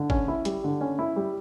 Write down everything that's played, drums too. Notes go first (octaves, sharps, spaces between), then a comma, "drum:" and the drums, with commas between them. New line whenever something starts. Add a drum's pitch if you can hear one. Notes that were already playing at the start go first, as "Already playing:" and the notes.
Already playing: D3
C#4, drum: kick
E4
G3, drum: hi-hat
D3
C#4
E4
G3